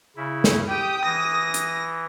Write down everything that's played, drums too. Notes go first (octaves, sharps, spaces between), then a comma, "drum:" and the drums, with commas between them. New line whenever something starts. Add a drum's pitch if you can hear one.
C#3 E4
drum: snare
G4 G5 D#6
E3 A#6
drum: hi-hat